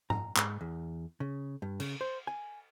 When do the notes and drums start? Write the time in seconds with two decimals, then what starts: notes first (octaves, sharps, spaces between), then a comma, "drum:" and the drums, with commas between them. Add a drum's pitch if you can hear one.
0.10 A#5, drum: tom G#2
0.36 G#2, drum: clap
0.61 E2
1.20 C#3
1.62 G2
1.80 C#3, drum: cymbal
2.01 C5
2.27 G#5